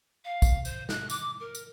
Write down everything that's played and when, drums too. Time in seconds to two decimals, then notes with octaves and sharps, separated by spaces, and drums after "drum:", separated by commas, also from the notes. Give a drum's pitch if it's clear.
0.25 F5
0.42 drum: kick, tambourine
0.65 C5, drum: tambourine
0.89 F#6, drum: snare
1.10 D6, drum: tambourine
1.40 A#4
1.55 drum: tambourine